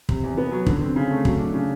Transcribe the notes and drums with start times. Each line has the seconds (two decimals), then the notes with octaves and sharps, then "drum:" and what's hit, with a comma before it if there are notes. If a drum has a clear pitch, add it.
0.09 C3, drum: kick
0.23 E2
0.38 B3
0.52 F#3
0.66 D3, drum: kick
0.82 C4
0.96 C#3
1.11 A3
1.25 F#3, drum: kick
1.39 D4
1.54 C#3